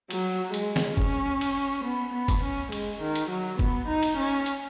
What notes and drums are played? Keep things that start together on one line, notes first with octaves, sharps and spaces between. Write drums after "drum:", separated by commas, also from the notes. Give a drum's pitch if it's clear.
F#3, drum: cymbal
G#3, drum: cymbal
drum: snare
C#4, drum: kick F#1
drum: cymbal
B3
B3
drum: kick F#1, cymbal
C#4
G#3, drum: cymbal
D#3
drum: cymbal
F#3
B3, drum: kick F#1
D#4
drum: cymbal
C#4
drum: cymbal